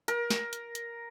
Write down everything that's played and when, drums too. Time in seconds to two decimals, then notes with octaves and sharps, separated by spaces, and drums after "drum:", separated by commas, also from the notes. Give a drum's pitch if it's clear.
0.08 A#4, drum: hi-hat
0.30 drum: snare
0.53 drum: hi-hat
0.75 drum: hi-hat